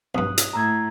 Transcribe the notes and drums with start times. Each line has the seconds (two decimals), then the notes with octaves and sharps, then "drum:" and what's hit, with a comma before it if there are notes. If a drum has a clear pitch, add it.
0.15 B1 G2 D#6 F#6
0.38 drum: hi-hat
0.53 A2 A#5 E6 G#6